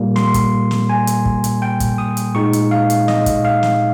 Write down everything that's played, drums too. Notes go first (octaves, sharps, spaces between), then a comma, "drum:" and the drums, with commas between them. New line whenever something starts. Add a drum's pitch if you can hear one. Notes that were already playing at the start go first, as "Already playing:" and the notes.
Already playing: A#2 G3 A#3
C6, drum: snare
drum: kick, hi-hat
drum: snare
G#5
drum: hi-hat
drum: kick
drum: hi-hat
G5
drum: kick, hi-hat
D#6
drum: hi-hat
A#2 G#3 D#4 C#6
drum: hi-hat
F5
drum: hi-hat
D#5, drum: snare
drum: kick, hi-hat
F5
drum: snare